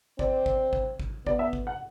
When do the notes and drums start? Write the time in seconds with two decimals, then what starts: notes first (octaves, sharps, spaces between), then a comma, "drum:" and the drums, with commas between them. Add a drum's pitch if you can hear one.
0.19 C4 D5, drum: kick G#1
0.46 drum: kick G#1
0.73 drum: kick G#1
1.00 drum: kick G#1
1.27 B3 D5, drum: kick G#1
1.39 E5
1.53 drum: kick G#1
1.67 F#5